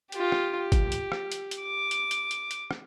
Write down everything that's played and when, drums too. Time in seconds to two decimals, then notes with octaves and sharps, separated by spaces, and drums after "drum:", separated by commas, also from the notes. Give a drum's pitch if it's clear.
0.12 F4 G4, drum: hi-hat
0.32 drum: rim click
0.60 G4
0.72 drum: kick, hi-hat
0.92 drum: hi-hat
1.12 drum: rim click
1.32 drum: hi-hat
1.51 drum: hi-hat
1.63 D6
1.91 drum: hi-hat
2.11 drum: hi-hat
2.31 drum: hi-hat
2.51 drum: hi-hat
2.71 drum: rim click